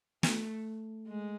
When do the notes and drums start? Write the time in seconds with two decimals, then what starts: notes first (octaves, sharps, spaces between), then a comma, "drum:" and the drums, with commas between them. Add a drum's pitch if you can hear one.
0.23 A3, drum: snare
1.08 G#3